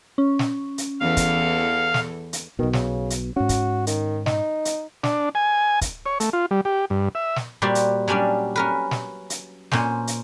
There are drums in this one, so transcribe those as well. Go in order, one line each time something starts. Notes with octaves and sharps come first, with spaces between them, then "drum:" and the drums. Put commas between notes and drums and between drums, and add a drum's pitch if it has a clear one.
C#4
drum: snare
drum: hi-hat
E2 E3 A4 F5
drum: kick, hi-hat
drum: snare
drum: hi-hat
B1 B2 D#3
C#3, drum: snare
drum: hi-hat
G#2 C#4 F#4
drum: kick, hi-hat
D#3, drum: hi-hat
D#4, drum: snare
drum: hi-hat
D4, drum: snare
G#5
drum: kick, hi-hat
C#5
A3, drum: hi-hat
F4
G3
G4
G2
E5
drum: snare
A#2 G3 F#4 C5 D5
drum: hi-hat
F#3 G3 C#4 D4 D5
C#4 A#4 B4
drum: snare
drum: hi-hat
A#2 C#4 C5, drum: snare
drum: hi-hat